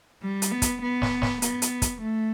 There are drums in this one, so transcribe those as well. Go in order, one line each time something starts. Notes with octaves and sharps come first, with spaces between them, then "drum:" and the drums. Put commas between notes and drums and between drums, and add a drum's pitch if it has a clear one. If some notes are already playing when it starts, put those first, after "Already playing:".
G3
drum: hi-hat
B3
drum: kick, hi-hat
B3
drum: snare
drum: snare
B3, drum: hi-hat
drum: hi-hat
drum: kick, hi-hat
A3